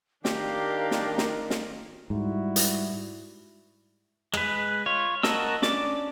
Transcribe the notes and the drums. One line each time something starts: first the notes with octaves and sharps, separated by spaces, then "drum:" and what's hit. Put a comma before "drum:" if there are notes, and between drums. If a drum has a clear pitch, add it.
D#3 D4 G4 A#4 F5, drum: snare
drum: snare
drum: snare
drum: snare
G#2 G3 E4 F#4
drum: hi-hat
G#3 B4, drum: rim click
F4 C#5
F#4 A#4 D#5 A5 E6, drum: snare
C#4 D4 D5 D6, drum: snare